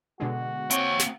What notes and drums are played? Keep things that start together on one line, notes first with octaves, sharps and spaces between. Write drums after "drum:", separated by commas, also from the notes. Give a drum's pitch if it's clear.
B2 D3 G#3 F#4
A#3 C4 C#5 G5, drum: hi-hat
drum: snare